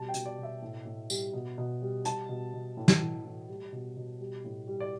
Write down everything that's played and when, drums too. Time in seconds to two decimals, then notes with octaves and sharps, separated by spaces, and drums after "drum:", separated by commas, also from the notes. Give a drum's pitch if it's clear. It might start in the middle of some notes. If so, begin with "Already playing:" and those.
Already playing: B2 G3 A5
0.09 G5
0.14 B2, drum: hi-hat
0.26 D5
0.38 B2
0.43 E5
0.62 A2
0.85 A2
1.10 G3, drum: tambourine
1.33 B2
1.58 B2
1.82 G3
2.05 G3 A5, drum: hi-hat
2.29 B2
2.53 B2
2.77 A2
2.88 drum: snare
3.01 E3
3.25 A2
3.49 G3
3.73 B2
3.97 B2
4.20 G3
4.44 A2
4.68 G3
4.80 D5